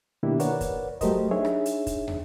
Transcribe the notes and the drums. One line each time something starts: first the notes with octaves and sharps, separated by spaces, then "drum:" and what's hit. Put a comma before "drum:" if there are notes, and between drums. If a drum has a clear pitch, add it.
B2 D#3 A#3 D4 E4 G4
A#4 B4 C#5 D5 F#5, drum: hi-hat
drum: kick, hi-hat
F#3 A3 G4 A#4 C5 D#5, drum: kick, hi-hat
D4 D#4 G#4 C#5 E5
drum: rim click
drum: hi-hat
drum: kick, hi-hat
drum: tom